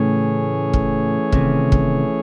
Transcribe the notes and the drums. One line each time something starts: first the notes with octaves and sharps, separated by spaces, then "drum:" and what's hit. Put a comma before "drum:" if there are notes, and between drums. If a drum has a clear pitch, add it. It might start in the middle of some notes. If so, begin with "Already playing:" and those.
Already playing: A2 C#3 E3 A3 C#4 G#4 C#5
drum: kick
C3 D#3, drum: kick
drum: kick